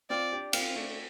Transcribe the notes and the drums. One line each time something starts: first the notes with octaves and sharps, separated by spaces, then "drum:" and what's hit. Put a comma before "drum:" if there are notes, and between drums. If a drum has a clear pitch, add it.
C4 F4 D5
D4 G4
C4 F4 F5, drum: cymbal
A3 D4